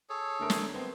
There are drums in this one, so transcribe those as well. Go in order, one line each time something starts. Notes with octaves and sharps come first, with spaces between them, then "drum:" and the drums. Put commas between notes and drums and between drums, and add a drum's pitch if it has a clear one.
G#4 A4 C#5
D3 A3 A#4
drum: snare
B3 C4